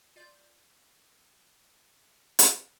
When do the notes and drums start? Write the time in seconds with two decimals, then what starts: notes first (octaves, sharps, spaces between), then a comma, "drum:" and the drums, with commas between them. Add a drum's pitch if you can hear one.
0.16 F4 D5 G6
2.39 drum: hi-hat